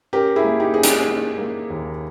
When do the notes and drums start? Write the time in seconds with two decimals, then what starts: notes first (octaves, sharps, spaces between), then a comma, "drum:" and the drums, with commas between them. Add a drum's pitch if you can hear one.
0.13 C#4 G4 A#4
0.36 E4 G#4
0.44 A#3
0.60 D#4 G4
0.74 C#4 G#4
0.83 D#4 G4, drum: hi-hat
1.06 A#3
1.38 A#3
1.70 D#2